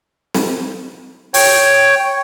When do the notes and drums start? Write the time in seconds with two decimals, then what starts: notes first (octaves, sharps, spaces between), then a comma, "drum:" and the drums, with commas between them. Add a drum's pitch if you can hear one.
0.34 drum: snare
1.34 C#5 G5, drum: open hi-hat